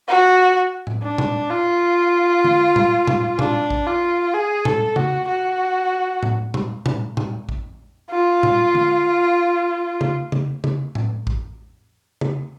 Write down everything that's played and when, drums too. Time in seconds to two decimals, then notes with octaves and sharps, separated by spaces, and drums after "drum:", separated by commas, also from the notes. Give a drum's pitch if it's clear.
0.08 F#4
0.87 drum: tom A2
1.03 D4
1.18 drum: tom A#2
1.50 F4
2.44 drum: tom D3
2.76 drum: tom A#2
3.07 drum: tom A#2
3.39 D4, drum: tom A#2
3.70 drum: kick A1
3.87 F4
4.34 G#4
4.65 A4, drum: tom A#2
4.96 F#4, drum: tom C#3
5.27 F#4
6.23 drum: tom A2
6.54 drum: tom A#2
6.86 drum: tom A#2
7.17 drum: tom A#2
7.49 drum: kick A1
8.11 F4
8.43 drum: tom A#2
8.75 drum: tom D3
10.01 drum: tom C#3
10.32 drum: tom C#3
10.64 drum: tom C#3
10.95 drum: tom A2
11.27 drum: kick A1
12.21 drum: tom C#3